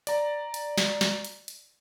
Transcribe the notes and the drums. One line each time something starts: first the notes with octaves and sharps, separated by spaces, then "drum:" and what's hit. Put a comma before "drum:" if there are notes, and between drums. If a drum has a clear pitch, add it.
D5 A#5, drum: hi-hat
drum: hi-hat
drum: snare
drum: snare
drum: hi-hat
drum: hi-hat